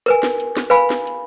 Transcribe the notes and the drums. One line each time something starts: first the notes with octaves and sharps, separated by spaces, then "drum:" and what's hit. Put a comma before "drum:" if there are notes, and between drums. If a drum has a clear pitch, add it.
A#4 B4 G#5, drum: hi-hat
drum: snare
drum: hi-hat
drum: snare
B4 F5 G#5 B5
drum: snare
drum: hi-hat